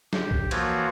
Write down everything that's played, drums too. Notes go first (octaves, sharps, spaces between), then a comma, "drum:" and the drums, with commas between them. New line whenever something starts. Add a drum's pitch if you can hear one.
G4, drum: snare
drum: kick
E3 F3 A#3 F4 F#4 C#5, drum: cymbal